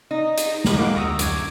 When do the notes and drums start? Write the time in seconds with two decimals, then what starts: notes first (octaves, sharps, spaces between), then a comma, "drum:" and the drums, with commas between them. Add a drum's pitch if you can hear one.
0.11 D#4
0.37 drum: hi-hat
0.64 drum: snare
0.78 A#3 F#4 F5 F#5 D6
0.96 D2 A#5 C#6 D#6 E6
1.19 F#2 D6 G#6, drum: hi-hat